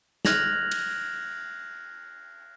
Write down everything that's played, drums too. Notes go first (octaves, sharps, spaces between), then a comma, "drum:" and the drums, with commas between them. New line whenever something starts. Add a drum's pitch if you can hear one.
F6 F#6 G#6 A#6 F7 F#7, drum: snare
drum: cymbal